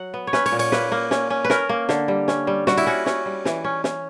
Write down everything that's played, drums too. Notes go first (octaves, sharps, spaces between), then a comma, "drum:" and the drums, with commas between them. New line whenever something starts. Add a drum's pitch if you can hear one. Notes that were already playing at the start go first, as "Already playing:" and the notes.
Already playing: F#3 F#5
B3
C#5
C#4 B4, drum: snare
C#5, drum: cymbal
A#2
C#5, drum: cymbal
A#3 B4, drum: snare
A#3
C#4, drum: snare
C#4
B4
C#4 A#4, drum: snare
A#3
D3, drum: snare
G3
C#4, drum: snare
G3
G3 F#4, drum: snare
E4, drum: cymbal
C#4 F#4
C#4, drum: snare
G3
E3, drum: snare
C#4
C#4, drum: snare